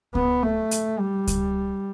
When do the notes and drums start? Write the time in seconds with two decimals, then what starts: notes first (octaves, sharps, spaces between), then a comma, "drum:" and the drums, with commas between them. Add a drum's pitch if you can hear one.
0.15 B3, drum: kick C#2
0.43 A3
0.71 drum: hi-hat
0.99 G3
1.27 drum: kick C#2, hi-hat